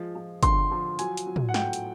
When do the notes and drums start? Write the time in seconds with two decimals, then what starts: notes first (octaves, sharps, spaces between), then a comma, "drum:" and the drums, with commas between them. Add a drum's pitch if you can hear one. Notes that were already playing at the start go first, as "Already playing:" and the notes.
Already playing: F3 G#3
0.15 F3
0.43 D3 C6, drum: kick, hi-hat
0.71 F3
0.99 F#3 G#5, drum: hi-hat
1.17 drum: hi-hat
1.27 F#3
1.36 drum: tom
1.49 F#5
1.54 A2 G5, drum: snare
1.73 drum: hi-hat